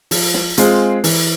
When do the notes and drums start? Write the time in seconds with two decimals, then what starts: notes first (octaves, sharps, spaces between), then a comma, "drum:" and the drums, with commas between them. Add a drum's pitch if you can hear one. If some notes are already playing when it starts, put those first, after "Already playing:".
0.11 F3, drum: open hi-hat
0.34 drum: snare
0.57 G#3 C4 F4 G#4, drum: hi-hat
1.04 E3, drum: open hi-hat